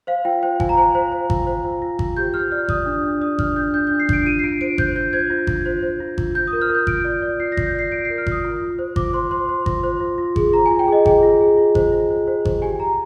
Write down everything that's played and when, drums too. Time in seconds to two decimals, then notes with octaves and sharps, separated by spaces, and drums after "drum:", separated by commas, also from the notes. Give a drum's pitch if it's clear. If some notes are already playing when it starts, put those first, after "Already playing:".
0.07 C5 F5
0.25 F4 G5
0.43 C5 G5
0.60 F4 G#5, drum: kick G#1
0.69 A#5
0.77 C5 G#5
0.95 C5
1.12 C5
1.30 F4, drum: kick G#1
1.47 C5
1.64 F4
1.82 F4
1.99 F4, drum: kick G#1
2.17 G4 G6
2.34 G4 F6
2.52 D5 F6
2.69 D5 D#6, drum: kick G#1
2.86 D4
3.04 D4
3.21 D5 D#6
3.39 D4 F6, drum: kick G#1
3.56 D4 G6
3.73 D4 G6
3.87 G6
3.91 D4
4.00 C7
4.09 D4 D7, drum: kick G#1
4.25 F4 D#7
4.39 C7
4.44 F4 D7
4.61 C5 D7
4.78 C5 G6, drum: kick G#1
4.96 F4 G6
5.13 C5 G#6
5.30 F4
5.47 F4, drum: kick G#1
5.65 C5
5.83 C5
6.00 F4
6.18 F4, drum: kick G#1
6.35 F4 G6
6.47 D#6
6.53 A#4
6.62 F6
6.69 A#4
6.75 G6
6.87 F4 D7, drum: kick G#1
7.04 D5
7.22 D5
7.40 F4 C7
7.52 A#6
7.57 F4, drum: kick G#1
7.66 G6
7.75 D5 C7
7.92 F4 D7
8.05 C7
8.10 A#4
8.18 F6
8.27 F4, drum: kick G#1
8.32 D#6
8.45 F4
8.62 F4
8.79 C5
8.96 F4 D6, drum: kick G#1
9.13 C5 C6
9.31 C5 C6
9.49 C5
9.66 F4, drum: kick G#1
9.83 C5
10.01 F4
10.18 F4
10.36 G#4, drum: kick G#1
10.53 F4 A#5
10.66 G#5
10.71 F4
10.79 G5
10.88 G#4 D#5
11.06 G#4 G5, drum: kick G#1
11.23 F4
11.41 G#4
11.58 F4
11.75 C5, drum: kick G#1
11.92 F4
12.10 C5
12.27 C5
12.45 C5, drum: kick G#1
12.62 G4 G#5
12.80 G4 A#5